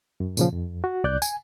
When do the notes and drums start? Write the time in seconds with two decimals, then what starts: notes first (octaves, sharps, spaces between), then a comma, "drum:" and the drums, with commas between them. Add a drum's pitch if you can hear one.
0.20 F#2
0.37 A#2 C#3 F3, drum: tambourine
0.53 F2
0.84 F#4
1.04 C2 D5 F#6 G6
1.22 G#5, drum: tambourine